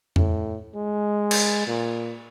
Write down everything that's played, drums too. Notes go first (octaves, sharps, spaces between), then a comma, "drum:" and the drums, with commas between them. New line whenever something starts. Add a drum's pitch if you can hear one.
A2, drum: tom F2
G#3
drum: cymbal
A#2